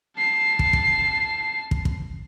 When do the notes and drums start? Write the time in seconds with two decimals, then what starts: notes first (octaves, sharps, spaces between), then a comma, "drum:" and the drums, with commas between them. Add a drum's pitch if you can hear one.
0.17 A5 C7
0.59 drum: kick
0.73 drum: kick
1.71 drum: kick
1.85 drum: kick